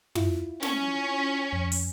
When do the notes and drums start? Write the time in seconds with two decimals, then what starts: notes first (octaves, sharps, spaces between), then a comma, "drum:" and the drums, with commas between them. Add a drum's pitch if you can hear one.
0.15 E4 F4, drum: tom
0.63 C#4, drum: snare
1.53 F2
1.72 drum: open hi-hat